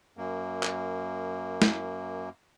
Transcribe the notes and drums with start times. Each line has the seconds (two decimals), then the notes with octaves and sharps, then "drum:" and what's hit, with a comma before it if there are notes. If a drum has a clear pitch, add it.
0.17 F#2 A#3
0.63 drum: clap
1.62 drum: snare